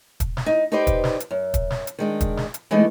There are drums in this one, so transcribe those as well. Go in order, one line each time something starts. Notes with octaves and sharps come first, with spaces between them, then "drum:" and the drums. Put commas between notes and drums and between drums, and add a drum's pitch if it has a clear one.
drum: kick, hi-hat
drum: snare
D#4
D#4 G4 B4 C5 D5
drum: kick, hi-hat
drum: snare
drum: hi-hat
F#2
drum: kick, hi-hat
drum: snare
drum: hi-hat
D#3 G#3 D4
drum: kick, hi-hat
drum: snare
drum: hi-hat
E3 G#3 A3 B3 D#4